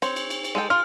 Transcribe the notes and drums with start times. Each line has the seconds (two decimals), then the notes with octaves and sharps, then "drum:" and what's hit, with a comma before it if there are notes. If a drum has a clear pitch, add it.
0.02 C4 C#5, drum: cymbal
0.16 drum: cymbal
0.30 drum: cymbal
0.44 drum: cymbal
0.55 G#3 A4 G5
0.70 F4 F6